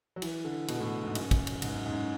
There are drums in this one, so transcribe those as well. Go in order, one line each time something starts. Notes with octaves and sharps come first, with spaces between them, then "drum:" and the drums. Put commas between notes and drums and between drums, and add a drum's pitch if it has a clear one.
F#3
E3, drum: cymbal
D3
B2, drum: cymbal
A2
G#2
F#2, drum: cymbal
drum: kick, cymbal
drum: cymbal
G#2, drum: cymbal
F#2
G#2
F#2